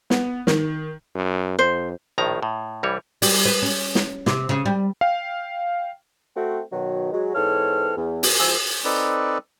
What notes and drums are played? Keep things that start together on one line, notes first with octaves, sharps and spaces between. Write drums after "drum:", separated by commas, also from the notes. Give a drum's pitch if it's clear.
B3, drum: snare
D#3, drum: snare
F#2
F2 C5
A#1 A2 D#3 A#5
A2
C2 E3 G3 C#5
G3, drum: open hi-hat
B4
C#4
drum: snare
C3, drum: snare
C#3
G3
F5 G5
A3 C4 F#4 G5
B2 D#3 F#3
F#3 G#3
G#2 E3 C4 A4 C#5 F6
E2
drum: open hi-hat
G#2 F3 G#5 E6
C4 D#4 A4 B4 D5